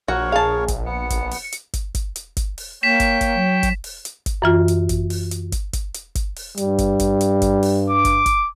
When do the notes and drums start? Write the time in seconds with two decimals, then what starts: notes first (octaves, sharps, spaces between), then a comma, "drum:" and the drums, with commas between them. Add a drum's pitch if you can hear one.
0.08 A#1 F#4 A#4 C#5
0.32 G#4 F5 A5
0.68 drum: kick, hi-hat
0.86 B3 C#7
1.10 drum: kick, hi-hat
1.31 drum: open hi-hat
1.52 drum: hi-hat
1.73 drum: kick, hi-hat
1.95 drum: kick, hi-hat
2.16 drum: hi-hat
2.37 drum: kick, hi-hat
2.58 drum: open hi-hat
2.83 A#3 C#5 G5 B6 E7
3.00 drum: kick, hi-hat
3.21 drum: kick, hi-hat
3.35 F#3
3.63 drum: kick, hi-hat
3.84 drum: open hi-hat
4.05 drum: hi-hat
4.26 drum: kick, hi-hat
4.42 F#2 E3 F4
4.68 drum: hi-hat
4.89 drum: kick, hi-hat
5.10 drum: open hi-hat
5.31 drum: hi-hat
5.52 drum: kick, hi-hat
5.73 drum: kick, hi-hat
5.94 drum: hi-hat
6.15 drum: kick, hi-hat
6.36 drum: open hi-hat
6.57 G2 G3, drum: hi-hat
6.78 drum: kick, hi-hat
7.00 drum: kick, hi-hat
7.21 drum: hi-hat
7.42 drum: kick, hi-hat
7.63 drum: open hi-hat
7.89 D6
8.05 drum: kick, hi-hat
8.26 drum: kick, hi-hat